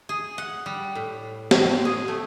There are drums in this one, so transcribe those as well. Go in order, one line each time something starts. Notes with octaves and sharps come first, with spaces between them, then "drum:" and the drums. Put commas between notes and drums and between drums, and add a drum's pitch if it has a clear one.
G#4
F#5
G3
A2
C4, drum: snare
G#4
A3